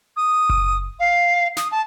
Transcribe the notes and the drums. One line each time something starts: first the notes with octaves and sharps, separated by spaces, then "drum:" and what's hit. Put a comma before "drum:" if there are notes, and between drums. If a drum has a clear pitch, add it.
D#6
drum: kick F#1
F5
D#6, drum: snare
A5